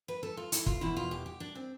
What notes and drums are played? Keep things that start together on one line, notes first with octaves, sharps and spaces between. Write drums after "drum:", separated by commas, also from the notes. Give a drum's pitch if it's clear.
B4
A4
F4
E4, drum: hi-hat
F4, drum: kick
E2 B2 E4
F4
G4
G4
D4
C4